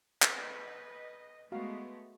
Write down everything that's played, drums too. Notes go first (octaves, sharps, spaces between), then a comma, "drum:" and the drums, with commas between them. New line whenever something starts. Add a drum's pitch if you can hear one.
B4 D#5, drum: clap
G#3 A3 B3 F#4 F5